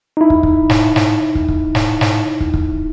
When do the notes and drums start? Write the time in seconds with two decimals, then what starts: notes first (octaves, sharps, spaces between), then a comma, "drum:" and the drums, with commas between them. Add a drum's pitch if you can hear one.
0.17 D#4 E4
0.30 drum: kick
0.43 drum: kick
0.70 drum: snare
0.96 drum: snare
1.35 drum: kick
1.48 drum: kick
1.75 drum: snare
2.01 drum: snare
2.40 drum: kick
2.54 drum: kick